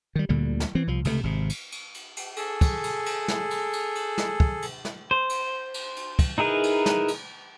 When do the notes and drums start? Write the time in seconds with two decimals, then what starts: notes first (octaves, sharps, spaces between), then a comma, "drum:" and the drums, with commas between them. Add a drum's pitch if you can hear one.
0.15 D#3 G3
0.29 D2 A#2 D3 G3
0.60 drum: snare
0.75 E3 C4
0.87 C2 F3
1.05 C#2 C3 D#3 A3, drum: cymbal
1.23 G#1 C3
1.50 drum: cymbal
1.72 drum: cymbal
1.94 drum: cymbal
2.17 drum: cymbal
2.36 G#4 A4, drum: cymbal
2.61 drum: kick, cymbal
2.84 drum: cymbal
3.06 drum: cymbal
3.28 drum: snare
3.51 drum: cymbal
3.73 drum: cymbal
3.95 drum: cymbal
4.18 drum: snare
4.40 drum: kick
4.62 drum: cymbal
4.85 drum: snare
5.11 C5
5.29 drum: cymbal
5.74 drum: cymbal
5.96 drum: cymbal
6.19 drum: kick, cymbal
6.38 D#4 E4 G#4 A#4 B4
6.63 drum: cymbal
6.86 drum: snare
7.08 drum: cymbal